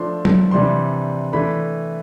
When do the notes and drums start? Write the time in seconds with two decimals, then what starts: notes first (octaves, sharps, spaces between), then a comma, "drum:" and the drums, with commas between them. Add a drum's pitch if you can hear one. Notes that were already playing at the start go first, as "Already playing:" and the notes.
Already playing: F3 A3 D4 C6
0.25 drum: tom F#3
0.51 C3 E3 G3 D4 C6
1.33 E3 A3 D4 B5